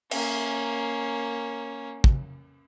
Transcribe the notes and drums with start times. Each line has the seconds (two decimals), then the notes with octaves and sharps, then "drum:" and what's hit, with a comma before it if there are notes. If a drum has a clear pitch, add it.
0.11 A#3 C#4, drum: cymbal
2.04 drum: kick